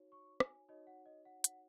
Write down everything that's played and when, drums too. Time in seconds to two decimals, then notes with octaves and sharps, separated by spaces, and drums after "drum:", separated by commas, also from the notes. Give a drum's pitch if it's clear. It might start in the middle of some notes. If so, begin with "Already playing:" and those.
Already playing: D#4 F#4 C#5
0.12 C#6
0.40 G#5, drum: rim click
0.68 D#4 F#4 C#5 D#5
0.87 F#5
1.06 D#5
1.25 F#5
1.44 F#5, drum: hi-hat